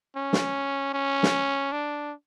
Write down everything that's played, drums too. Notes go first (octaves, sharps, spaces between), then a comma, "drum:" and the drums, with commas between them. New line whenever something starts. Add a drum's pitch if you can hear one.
C#4
drum: snare
C#4
drum: snare
D4